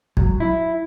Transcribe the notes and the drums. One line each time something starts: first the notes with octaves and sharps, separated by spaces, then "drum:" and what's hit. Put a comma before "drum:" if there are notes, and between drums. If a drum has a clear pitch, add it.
F#3, drum: kick
E4